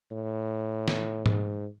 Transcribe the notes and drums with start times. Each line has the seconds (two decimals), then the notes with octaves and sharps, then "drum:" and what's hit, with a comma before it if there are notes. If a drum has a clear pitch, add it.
0.11 A2
0.88 drum: snare
1.26 G#2, drum: tom G#2